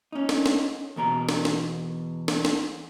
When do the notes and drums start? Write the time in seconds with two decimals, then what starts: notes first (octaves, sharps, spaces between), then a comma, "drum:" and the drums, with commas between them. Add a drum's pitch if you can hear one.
0.12 C#4 D#4
0.29 drum: snare
0.46 drum: snare
0.96 E2 B2 A#4 A#5
1.29 drum: snare
1.45 drum: snare
2.28 drum: snare
2.45 drum: snare